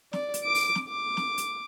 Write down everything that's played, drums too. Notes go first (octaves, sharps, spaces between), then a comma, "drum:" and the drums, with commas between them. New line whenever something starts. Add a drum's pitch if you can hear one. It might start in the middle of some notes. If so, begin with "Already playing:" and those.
D5, drum: snare
drum: hi-hat
D6 D7
drum: open hi-hat
drum: snare
D6
drum: snare
drum: hi-hat